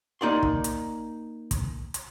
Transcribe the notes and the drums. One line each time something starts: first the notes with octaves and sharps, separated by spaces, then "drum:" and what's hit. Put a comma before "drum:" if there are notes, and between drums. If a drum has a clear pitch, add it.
A#3 D#4 D5 C6
drum: kick
drum: hi-hat
drum: kick, hi-hat
drum: hi-hat